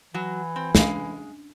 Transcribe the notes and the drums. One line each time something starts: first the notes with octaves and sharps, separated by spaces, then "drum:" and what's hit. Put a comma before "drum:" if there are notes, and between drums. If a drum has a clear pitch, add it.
E3 F#3
C4
G#3 C#4 D4 F5, drum: snare